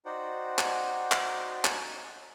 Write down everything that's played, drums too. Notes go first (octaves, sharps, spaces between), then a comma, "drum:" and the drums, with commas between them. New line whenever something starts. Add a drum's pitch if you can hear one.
D#4 F#4 C5 D5 F#5 G5
drum: clap
drum: clap
drum: clap